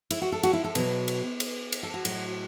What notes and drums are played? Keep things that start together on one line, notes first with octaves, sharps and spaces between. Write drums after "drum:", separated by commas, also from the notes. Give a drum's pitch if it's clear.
E4, drum: cymbal
F#4
A4
F#4, drum: cymbal
E4
A4
B2 F#3 B4, drum: cymbal
drum: cymbal
drum: cymbal
drum: cymbal
A4
F#4
A2 F#3, drum: cymbal